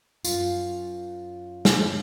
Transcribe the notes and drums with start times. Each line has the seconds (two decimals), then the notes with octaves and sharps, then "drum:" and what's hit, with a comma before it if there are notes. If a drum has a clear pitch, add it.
0.25 F#2 F4, drum: tambourine
1.65 drum: snare